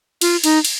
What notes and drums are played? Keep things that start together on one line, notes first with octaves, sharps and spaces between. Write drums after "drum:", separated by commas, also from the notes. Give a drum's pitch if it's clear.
F4, drum: cymbal
D#4, drum: cymbal
drum: cymbal